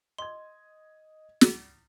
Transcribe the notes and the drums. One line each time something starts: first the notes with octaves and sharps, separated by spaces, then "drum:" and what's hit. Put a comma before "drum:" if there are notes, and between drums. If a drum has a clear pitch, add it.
D#5 C6 G#6
drum: snare